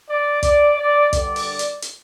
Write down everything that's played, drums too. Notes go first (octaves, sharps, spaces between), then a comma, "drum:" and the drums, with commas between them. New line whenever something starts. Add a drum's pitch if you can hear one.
D5
D5, drum: kick, hi-hat
D5
G2 D3 G3 D5, drum: kick, hi-hat
drum: open hi-hat
drum: hi-hat
drum: hi-hat